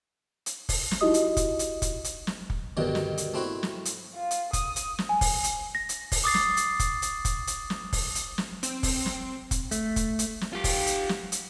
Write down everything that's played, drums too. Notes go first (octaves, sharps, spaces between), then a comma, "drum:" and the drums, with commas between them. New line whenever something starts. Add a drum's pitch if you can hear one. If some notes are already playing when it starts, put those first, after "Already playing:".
drum: hi-hat
drum: kick, open hi-hat
drum: snare
D#4 E4 F#4 G4 D#5 D#6
drum: hi-hat
drum: kick, hi-hat
drum: hi-hat
drum: kick, hi-hat
drum: hi-hat
drum: snare
drum: kick
D2 G2 B2 D#3
drum: snare
drum: hi-hat
A3 C4 E4 F#4
drum: snare
drum: hi-hat
F4
drum: hi-hat
D#6, drum: kick, hi-hat
drum: hi-hat
drum: snare
G#5
drum: kick, open hi-hat
drum: hi-hat
A#6
drum: hi-hat
drum: kick, open hi-hat
D6 D#6 A6 C7
drum: snare
drum: hi-hat
drum: kick, hi-hat
drum: hi-hat
drum: kick, hi-hat
drum: hi-hat
drum: snare
drum: kick, open hi-hat
drum: hi-hat
drum: snare
C4, drum: hi-hat
drum: kick, open hi-hat
drum: snare
drum: kick, hi-hat
A3, drum: hi-hat
drum: kick, hi-hat
drum: hi-hat
drum: snare
F4 G4
drum: kick, open hi-hat
drum: hi-hat
drum: snare
drum: hi-hat